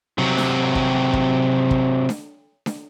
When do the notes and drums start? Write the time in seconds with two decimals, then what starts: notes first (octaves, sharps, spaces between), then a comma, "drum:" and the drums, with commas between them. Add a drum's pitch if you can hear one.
0.18 C3 F#3
0.37 drum: snare D4
0.75 drum: kick
1.13 drum: kick
1.71 drum: kick
2.09 drum: snare D4
2.66 drum: snare D4